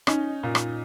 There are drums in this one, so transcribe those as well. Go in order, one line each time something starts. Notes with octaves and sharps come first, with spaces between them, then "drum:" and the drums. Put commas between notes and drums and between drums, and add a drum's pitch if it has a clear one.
C#4 D#4, drum: rim click
A#2
drum: rim click